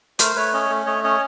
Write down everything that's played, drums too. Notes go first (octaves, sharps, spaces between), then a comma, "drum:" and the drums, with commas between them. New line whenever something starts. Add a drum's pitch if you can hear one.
A3 A#4 C5, drum: hi-hat
A3 B4 C#5
C#4 C#5 D#5
A3
A3 C#5 D#5
C#4 C#5 D#5